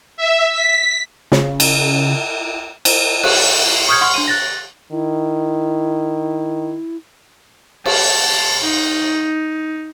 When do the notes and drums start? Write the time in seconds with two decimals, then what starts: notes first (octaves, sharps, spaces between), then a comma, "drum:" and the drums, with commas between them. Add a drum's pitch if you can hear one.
0.17 E5
0.51 B6
1.32 C#3, drum: snare
1.60 drum: cymbal
2.85 C5, drum: cymbal
3.23 F#6, drum: cymbal
3.89 C#6 D#6 F6 G6 G#6 C#7
4.01 F#5 C6 C#6 F6
4.14 D4 C6 D#7
4.27 F#6 A6 A#6
4.91 D#3 E4
7.86 A5, drum: cymbal
8.63 D#4